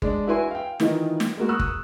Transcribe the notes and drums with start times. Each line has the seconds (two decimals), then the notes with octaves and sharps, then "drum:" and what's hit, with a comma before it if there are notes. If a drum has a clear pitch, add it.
0.02 G#3 D4, drum: kick G1
0.27 E4 F#4 B4 E5 G#5 C6
0.51 F5 G5
0.80 D#3 E3 D#4 F4 D#5, drum: snare
1.20 drum: snare
1.37 G#3 A#3 F#4
1.49 C#6 D#6 E6 F#6
1.59 drum: kick G1